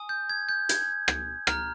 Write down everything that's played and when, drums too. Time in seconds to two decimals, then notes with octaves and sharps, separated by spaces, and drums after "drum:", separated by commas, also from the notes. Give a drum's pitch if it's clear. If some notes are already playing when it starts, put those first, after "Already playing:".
Already playing: G#5 D#6
0.09 G6
0.30 G#6
0.49 G6
0.69 G#6, drum: hi-hat
1.08 drum: rim click
1.47 A#5 F6, drum: rim click